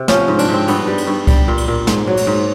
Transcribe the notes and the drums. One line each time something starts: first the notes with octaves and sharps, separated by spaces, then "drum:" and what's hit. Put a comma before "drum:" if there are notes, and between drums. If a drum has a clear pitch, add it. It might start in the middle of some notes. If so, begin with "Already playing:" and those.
Already playing: C3
F3 C#4, drum: snare
G#2
D4, drum: cymbal
G#2 C4
G2 B3, drum: cymbal
G3
drum: cymbal
G2
G3, drum: kick C2, cymbal
A#2
drum: cymbal
A#2
G#2, drum: snare
F#3
drum: cymbal
G#2